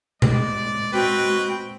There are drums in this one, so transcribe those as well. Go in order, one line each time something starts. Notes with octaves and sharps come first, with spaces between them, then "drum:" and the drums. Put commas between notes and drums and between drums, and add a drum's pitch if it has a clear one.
G#3 D5, drum: tom B2
C4 F#4 B4 G5